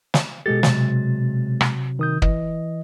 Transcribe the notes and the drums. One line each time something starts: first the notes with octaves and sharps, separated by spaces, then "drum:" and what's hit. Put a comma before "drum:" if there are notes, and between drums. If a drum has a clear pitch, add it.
drum: snare
B2 G#3 G4 A4 A6
C3 F#3, drum: snare
drum: rim click
D#3 D#6 G6
E3 D#5, drum: kick